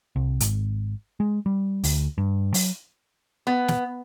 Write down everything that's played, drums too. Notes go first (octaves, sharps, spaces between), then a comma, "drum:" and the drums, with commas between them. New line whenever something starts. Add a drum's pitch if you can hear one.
C2
G#1, drum: hi-hat
G#3
G3
D2, drum: open hi-hat
G2
F#3, drum: open hi-hat
B3
drum: snare